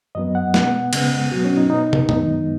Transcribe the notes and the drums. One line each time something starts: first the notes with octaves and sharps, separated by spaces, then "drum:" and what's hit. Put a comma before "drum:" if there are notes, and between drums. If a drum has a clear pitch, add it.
F#2 F#3 B3 D#5
F#5
B2 B3 F#5, drum: snare
C#3 G#3 B3, drum: cymbal
B2 F#3 B3 F#4
C#4
D#4
B2 B3 D#4
drum: tom
F#2 D#3 G#3 B3 D#4, drum: tom B2